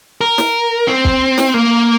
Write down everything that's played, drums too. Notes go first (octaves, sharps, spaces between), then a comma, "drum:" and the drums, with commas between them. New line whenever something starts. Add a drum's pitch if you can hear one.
A#4
drum: snare
C4
drum: kick
drum: snare
A#3